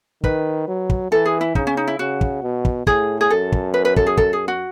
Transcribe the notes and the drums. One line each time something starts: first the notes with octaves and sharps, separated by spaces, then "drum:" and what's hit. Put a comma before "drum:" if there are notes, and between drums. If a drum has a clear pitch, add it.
D#3 B4, drum: kick
F#3
drum: kick
E3 A4
G#4
E4
C#3 D#4, drum: kick
C#4
D#4
E4
C#3 F#4
drum: kick
B2
drum: kick
A2 G#4, drum: kick
G#4
F#2 A4
drum: kick
B4
B4
A4, drum: kick
G#4
A4, drum: kick
G#4
F#4